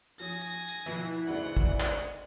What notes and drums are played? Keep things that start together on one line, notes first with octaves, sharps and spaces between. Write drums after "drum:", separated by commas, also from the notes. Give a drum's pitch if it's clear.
F3 C#4 G#5 D#6 A#6
G#1 B2 E3 F3
G#1 D2 G#2 C#3 D5 F#5
drum: kick
drum: clap